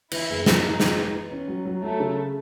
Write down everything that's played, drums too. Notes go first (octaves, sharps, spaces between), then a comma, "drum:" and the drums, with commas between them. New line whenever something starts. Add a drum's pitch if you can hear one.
E3 E4, drum: cymbal
F#1
F#1 D#4, drum: snare
F#1
G#3, drum: snare
E3
E3
C#4
F#3
F#3
F#3 A3
C#3